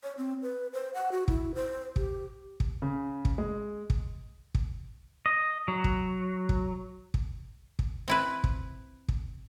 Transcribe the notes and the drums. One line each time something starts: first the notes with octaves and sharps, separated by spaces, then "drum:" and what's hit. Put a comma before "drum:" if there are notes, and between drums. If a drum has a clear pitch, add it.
C#5
C4
B4
C5
F#5
F#4
E4, drum: kick
C5
G4, drum: kick
drum: kick
C#3
drum: kick
G#3
drum: kick
drum: kick
D#5
F#3
drum: kick
drum: kick
drum: kick
drum: kick
C4 E4 B4
drum: kick
drum: kick